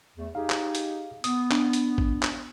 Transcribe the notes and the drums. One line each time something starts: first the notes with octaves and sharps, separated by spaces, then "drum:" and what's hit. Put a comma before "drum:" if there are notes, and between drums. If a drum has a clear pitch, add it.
E2 A3
D#4 G4 G#4 F5
drum: clap
drum: hi-hat
B3 D#6, drum: hi-hat
D4, drum: clap
drum: hi-hat
drum: kick
drum: clap